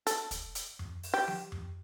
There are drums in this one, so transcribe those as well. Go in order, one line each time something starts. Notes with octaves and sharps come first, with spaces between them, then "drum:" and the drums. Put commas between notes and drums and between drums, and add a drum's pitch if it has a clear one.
A4, drum: hi-hat
drum: kick, hi-hat
drum: hi-hat
drum: tom F2
drum: open hi-hat
G4
drum: tom F3
drum: tom F2